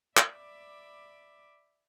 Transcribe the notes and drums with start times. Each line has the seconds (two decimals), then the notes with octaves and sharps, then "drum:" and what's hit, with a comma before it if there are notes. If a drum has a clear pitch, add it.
0.17 D5 E5 B5 D6, drum: clap